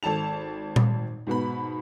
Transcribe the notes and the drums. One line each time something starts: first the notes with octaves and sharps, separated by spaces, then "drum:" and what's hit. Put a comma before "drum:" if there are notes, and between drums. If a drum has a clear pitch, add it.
G#1 A4 A5 F7
drum: tom A#2
G#2 B2 B3 B5